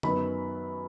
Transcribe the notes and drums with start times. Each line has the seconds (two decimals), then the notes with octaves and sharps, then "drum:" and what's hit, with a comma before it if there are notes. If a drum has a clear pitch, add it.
0.03 F#2 D#3 F#3 B3 B5, drum: tom D3